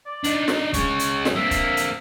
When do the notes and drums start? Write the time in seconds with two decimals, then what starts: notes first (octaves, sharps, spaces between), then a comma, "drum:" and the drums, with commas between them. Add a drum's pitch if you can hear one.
0.06 D5
0.24 D4 D#4, drum: hi-hat
0.48 drum: snare
0.74 G#3 C#4 C#6, drum: kick, hi-hat
0.99 drum: hi-hat
1.25 drum: snare
1.35 A#3 C4 E5
1.51 drum: kick, hi-hat
1.77 drum: hi-hat